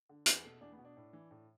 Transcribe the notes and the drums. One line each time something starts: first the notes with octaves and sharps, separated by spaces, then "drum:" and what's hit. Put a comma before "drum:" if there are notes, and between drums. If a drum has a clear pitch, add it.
D3
E2 B4, drum: hi-hat
B2 A4
E2 D4
B3
B2
D4
A2
E3
A2